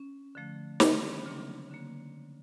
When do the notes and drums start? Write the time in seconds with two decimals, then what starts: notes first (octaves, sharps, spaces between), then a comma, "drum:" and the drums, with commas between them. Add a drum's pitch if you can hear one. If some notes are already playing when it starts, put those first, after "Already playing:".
Already playing: C#4
0.35 D3 F3 A3
0.80 D#3 G3 A#3 C4, drum: snare
0.92 C4
1.04 D4
1.15 C#4
1.26 C#3 F#3 A#3 C4
1.71 D3 F#3 A#3